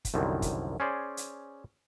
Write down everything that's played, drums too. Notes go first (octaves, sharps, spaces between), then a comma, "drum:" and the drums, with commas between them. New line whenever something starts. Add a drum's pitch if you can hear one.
drum: kick, hi-hat
C2 F#2 D3 D#3
drum: kick, hi-hat
C#4 G#4 C5 D5
drum: hi-hat